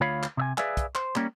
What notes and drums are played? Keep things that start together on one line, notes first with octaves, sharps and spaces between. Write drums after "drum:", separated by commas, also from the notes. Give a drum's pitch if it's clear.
D2 F4 C#5 F5 B5
drum: clap
C3 E5 G#5
G#4 B4 D5 E5 F5 G#5, drum: clap
drum: kick, hi-hat
C5, drum: clap
G3 A#3 C#4, drum: clap